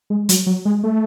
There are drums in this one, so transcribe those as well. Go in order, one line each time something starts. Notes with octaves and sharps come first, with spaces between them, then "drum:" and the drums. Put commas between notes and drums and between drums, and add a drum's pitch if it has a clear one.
G#3
F#3, drum: hi-hat
F#3
G#3
A3